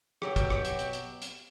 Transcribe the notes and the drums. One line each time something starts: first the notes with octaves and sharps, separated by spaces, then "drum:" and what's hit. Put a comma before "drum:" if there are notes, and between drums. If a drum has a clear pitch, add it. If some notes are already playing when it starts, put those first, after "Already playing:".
B2 F#3 G4 G5, drum: rim click
drum: kick, hi-hat
drum: rim click
drum: hi-hat
drum: hi-hat
drum: hi-hat
drum: hi-hat